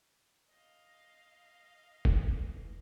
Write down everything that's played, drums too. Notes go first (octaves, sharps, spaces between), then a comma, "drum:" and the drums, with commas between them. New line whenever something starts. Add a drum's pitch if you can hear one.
D#5 F5
drum: kick F1
E3 A3